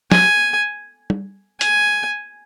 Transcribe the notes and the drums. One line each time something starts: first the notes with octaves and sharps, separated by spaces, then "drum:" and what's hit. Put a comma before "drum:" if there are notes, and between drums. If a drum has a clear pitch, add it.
G#5, drum: snare
drum: tom
G#5, drum: hi-hat